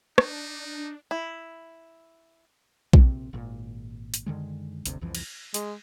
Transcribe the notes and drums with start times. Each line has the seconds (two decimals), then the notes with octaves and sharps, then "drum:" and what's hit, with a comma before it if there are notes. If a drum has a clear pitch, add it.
0.18 D4 D#4, drum: rim click
1.11 E4
2.93 A#1 C3 C4, drum: kick A#1
3.33 G#1 A#2
4.14 drum: hi-hat
4.26 F#2 D3 D#3 G#3
4.86 G1 D2 C3, drum: hi-hat
5.01 C2 F2 E3 F3
5.15 drum: cymbal
5.54 G#3, drum: hi-hat